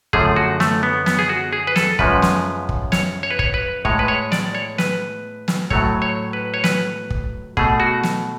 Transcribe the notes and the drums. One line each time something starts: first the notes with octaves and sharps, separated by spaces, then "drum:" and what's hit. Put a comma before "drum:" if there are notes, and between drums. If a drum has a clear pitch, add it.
F#2 D3 F3 A3 G#4, drum: kick
F#4
A3, drum: snare
B3
B3, drum: snare
G#4
F#4
G#4
B4
A4, drum: snare
F#2 C#3 F3 G#3 B4, drum: kick
drum: snare
drum: kick
C#5, drum: snare
C#5
B4
C#5, drum: kick
B4
A2 G#3 C#5, drum: kick
B4
C#5
D5, drum: snare
C#5
B4, drum: snare
drum: snare
A2 F#3 A3 C#5, drum: kick
C#5
B4
C#5
B4, drum: snare
drum: kick
B2 A3 G#4, drum: kick
F#4
drum: snare